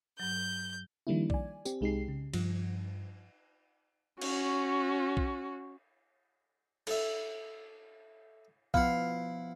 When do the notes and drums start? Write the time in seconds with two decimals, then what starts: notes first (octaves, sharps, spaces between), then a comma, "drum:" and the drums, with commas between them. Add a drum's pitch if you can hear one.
0.20 G2 F#3 G6
1.07 D#3 F3 G3 A#3 D4 E4
1.30 D5 G#5, drum: kick
1.65 C4 G4, drum: tambourine
1.81 C2 G#3 D#4 G4 G#4 C7
2.08 C#3
2.34 G2 F3, drum: cymbal
4.22 C#4 F#4, drum: cymbal
5.17 drum: kick
6.87 A4 E5, drum: cymbal
8.74 F3 B3 E4 F5 F#5, drum: kick